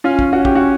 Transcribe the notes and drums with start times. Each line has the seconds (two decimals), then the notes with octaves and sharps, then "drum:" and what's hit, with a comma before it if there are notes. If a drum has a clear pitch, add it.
0.04 C#4 F4
0.19 drum: kick
0.33 F#4
0.45 G4, drum: kick
0.55 F#4